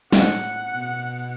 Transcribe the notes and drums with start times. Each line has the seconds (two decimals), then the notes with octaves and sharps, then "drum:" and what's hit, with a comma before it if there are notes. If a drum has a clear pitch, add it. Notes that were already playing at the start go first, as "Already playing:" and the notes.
0.13 A2 F#5, drum: snare
0.71 B2